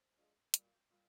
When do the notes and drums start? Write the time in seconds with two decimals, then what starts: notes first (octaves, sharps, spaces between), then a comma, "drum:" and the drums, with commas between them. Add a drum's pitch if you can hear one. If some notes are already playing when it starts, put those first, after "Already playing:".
Already playing: C5
0.17 D3 F3 G#3
0.54 A#2 G3 A#3 A#4, drum: hi-hat
0.65 F4
0.73 G4
0.90 A#2 G3 F4